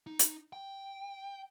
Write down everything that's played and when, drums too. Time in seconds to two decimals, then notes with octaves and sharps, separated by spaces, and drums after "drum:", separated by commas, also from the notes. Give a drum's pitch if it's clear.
0.07 D#4
0.19 drum: hi-hat
0.53 G5